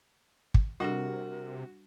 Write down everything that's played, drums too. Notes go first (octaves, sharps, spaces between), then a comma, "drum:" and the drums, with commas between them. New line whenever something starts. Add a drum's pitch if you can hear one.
drum: kick
C3 G3 D4 F#4 A4 A#4